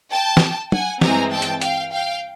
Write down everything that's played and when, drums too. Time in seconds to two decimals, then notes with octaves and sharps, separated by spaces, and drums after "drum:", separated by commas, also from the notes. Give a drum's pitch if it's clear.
0.12 G5 A5
0.37 drum: snare
0.72 F#5 G#5, drum: tom
1.01 G2 E3 G#3 C4 G#5 A#5, drum: snare
1.32 G5 A5
1.42 drum: hi-hat
1.62 F5 G5, drum: hi-hat
1.92 F5 G5